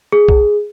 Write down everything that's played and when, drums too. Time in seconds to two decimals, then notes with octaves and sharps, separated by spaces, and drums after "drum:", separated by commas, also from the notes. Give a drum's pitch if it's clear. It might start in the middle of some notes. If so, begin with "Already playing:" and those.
0.12 G#4
0.29 drum: kick